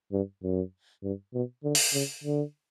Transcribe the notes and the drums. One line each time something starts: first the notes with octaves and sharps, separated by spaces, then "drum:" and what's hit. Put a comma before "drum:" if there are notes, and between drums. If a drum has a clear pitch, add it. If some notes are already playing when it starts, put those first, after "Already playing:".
G2
F#2
G2
B2
D3
drum: open hi-hat
C#3
D3